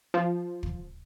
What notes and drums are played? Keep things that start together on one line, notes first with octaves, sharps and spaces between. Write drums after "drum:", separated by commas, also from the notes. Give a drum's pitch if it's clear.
F3
drum: kick